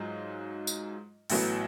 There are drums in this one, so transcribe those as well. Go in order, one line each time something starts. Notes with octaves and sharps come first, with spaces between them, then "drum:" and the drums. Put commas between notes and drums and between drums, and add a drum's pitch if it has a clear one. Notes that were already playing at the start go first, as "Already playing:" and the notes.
Already playing: G#2 F#3 F4
drum: tambourine
A1 A2 F#3 B3, drum: open hi-hat